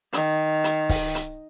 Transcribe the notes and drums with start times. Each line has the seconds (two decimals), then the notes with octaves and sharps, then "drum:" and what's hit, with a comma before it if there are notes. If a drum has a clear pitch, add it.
0.13 D#3, drum: hi-hat
0.64 drum: hi-hat
0.89 drum: kick, open hi-hat
1.15 drum: hi-hat